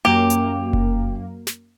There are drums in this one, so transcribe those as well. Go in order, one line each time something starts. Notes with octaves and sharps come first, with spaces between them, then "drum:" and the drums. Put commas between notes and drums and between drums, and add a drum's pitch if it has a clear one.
F#2 A#3 G4
drum: hi-hat
drum: kick F1
drum: snare